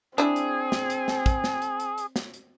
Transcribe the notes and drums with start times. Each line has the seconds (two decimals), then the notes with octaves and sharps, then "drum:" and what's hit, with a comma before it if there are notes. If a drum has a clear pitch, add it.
0.18 C4 D4 E4 G#4, drum: hi-hat
0.36 drum: hi-hat
0.72 drum: snare
0.90 drum: hi-hat
1.08 drum: snare
1.26 drum: kick, hi-hat
1.44 drum: snare
1.62 drum: hi-hat
1.80 drum: hi-hat
1.98 drum: hi-hat
2.16 drum: snare
2.34 drum: hi-hat